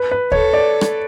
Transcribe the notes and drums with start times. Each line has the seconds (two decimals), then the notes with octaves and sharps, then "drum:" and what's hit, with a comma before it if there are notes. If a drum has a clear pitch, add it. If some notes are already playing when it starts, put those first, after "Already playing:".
Already playing: B4
0.11 B4
0.32 A4 C#5, drum: kick D2
0.53 D5
0.81 drum: rim click